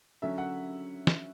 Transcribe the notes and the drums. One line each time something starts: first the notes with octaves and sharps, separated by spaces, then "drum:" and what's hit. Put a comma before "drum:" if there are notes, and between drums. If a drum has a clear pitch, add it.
D3 F#3 C#4 E5
F#5
drum: snare